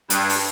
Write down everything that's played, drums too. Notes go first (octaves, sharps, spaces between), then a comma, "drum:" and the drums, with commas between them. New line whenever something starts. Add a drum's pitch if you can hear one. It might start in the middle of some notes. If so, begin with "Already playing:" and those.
G2, drum: hi-hat
drum: open hi-hat